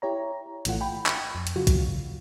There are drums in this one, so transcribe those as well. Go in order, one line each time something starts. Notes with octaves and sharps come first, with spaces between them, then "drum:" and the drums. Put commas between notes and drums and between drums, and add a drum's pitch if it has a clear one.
E4 G4 C#5 A#5
A#1 A2 E3 A3 F4 F#5, drum: hi-hat
G5 B5
drum: clap
F2
drum: hi-hat
C#3 F#3 F4 F#4
drum: kick, hi-hat